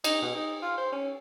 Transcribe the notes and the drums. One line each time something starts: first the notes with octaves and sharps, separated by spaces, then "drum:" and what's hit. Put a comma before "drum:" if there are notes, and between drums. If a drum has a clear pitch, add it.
D#4, drum: cymbal
B2
D#4
F4
C5
C#4